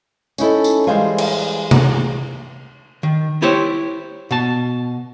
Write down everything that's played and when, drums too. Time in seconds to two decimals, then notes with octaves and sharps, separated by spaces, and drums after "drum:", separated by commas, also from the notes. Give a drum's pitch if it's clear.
0.38 C#4 D#4 E4 A4, drum: tambourine
0.64 drum: tambourine
0.87 E3 G3 G#3 C5 F5 G#5
1.18 drum: cymbal
1.71 drum: tom C3
3.03 D#3
3.42 E4 G4 C5 C#5
4.31 B2 A5